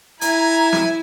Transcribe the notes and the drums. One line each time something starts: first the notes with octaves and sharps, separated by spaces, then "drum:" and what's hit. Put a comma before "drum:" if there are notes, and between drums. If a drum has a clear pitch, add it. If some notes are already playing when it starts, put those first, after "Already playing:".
E4 G#5 A#5, drum: hi-hat
drum: snare